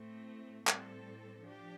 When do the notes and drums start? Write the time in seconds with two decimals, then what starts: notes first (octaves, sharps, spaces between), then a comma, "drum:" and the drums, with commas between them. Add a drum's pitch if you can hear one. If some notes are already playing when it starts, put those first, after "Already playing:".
Already playing: A2 A3 C4
0.67 A2 G3 C4 A4 C5, drum: clap
1.42 F3 D4 G4